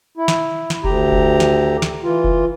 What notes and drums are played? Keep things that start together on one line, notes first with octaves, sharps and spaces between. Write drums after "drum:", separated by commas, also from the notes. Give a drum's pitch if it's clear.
E4
drum: snare
drum: snare
D2 G4 A#5, drum: kick F1
drum: kick F1
drum: snare
drum: snare
E3 F4
drum: kick F1